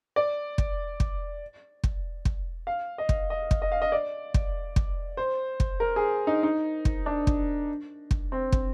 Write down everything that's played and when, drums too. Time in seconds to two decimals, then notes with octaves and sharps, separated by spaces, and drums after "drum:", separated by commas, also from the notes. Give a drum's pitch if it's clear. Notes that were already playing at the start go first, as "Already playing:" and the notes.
0.16 D5
0.58 drum: kick
1.00 drum: kick
1.84 drum: kick
2.25 drum: kick
2.67 F5
2.98 D#5
3.09 drum: kick
3.30 D#5
3.51 drum: kick
3.62 D#5
3.72 F5
3.82 D#5
3.92 D5
4.34 drum: kick
4.76 drum: kick
5.17 C5
5.60 drum: kick
5.80 A#4
5.96 G#4
6.27 D#4
6.43 D#4
6.85 drum: kick
7.06 D4
7.27 drum: kick
8.11 drum: kick
8.32 C4
8.52 drum: kick